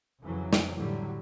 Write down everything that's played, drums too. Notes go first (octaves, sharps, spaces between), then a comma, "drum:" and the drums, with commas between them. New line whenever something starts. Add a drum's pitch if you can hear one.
F2 C#3 E3 F#3
drum: snare
A2 D3 F#3 G3